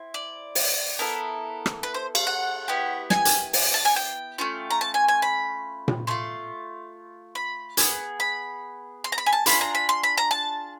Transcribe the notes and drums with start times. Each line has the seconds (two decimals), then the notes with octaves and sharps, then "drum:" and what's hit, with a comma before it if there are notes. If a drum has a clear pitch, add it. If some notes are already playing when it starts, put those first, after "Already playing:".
Already playing: C4 E4
0.14 D5
0.55 drum: open hi-hat
0.99 B3 E4 A4 A#4
1.66 drum: rim click
1.83 B4
1.94 C5
2.15 F5, drum: cymbal
2.27 F#5
2.68 B3 E4 G4
3.10 G#5, drum: snare
3.25 drum: hi-hat
3.53 drum: open hi-hat
3.74 A5
3.85 G#5
3.96 G5
4.38 A3 C#4 F4
4.70 A#5
4.81 A5
4.94 G#5
5.08 G#5
5.22 B5
5.88 drum: tom A#2
6.07 A3 D4 F4 C6
7.35 B5
7.77 B3 E4 G#4, drum: hi-hat
8.20 B5
9.04 C6
9.12 A#5
9.18 B5
9.26 G#5
9.33 A5
9.46 D4 F4 G#4 B5, drum: hi-hat
9.61 A#5
9.75 B5
9.89 C6
10.03 B5
10.17 A#5
10.31 A5